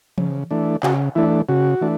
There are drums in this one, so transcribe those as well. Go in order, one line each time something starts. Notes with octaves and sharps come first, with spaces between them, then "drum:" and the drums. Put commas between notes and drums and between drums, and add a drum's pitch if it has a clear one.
C#3, drum: tom E3
E3 A3 D4
C#3 F#4, drum: clap
E3 A3 D4 E4
C#3 F#4
E3 A3 D4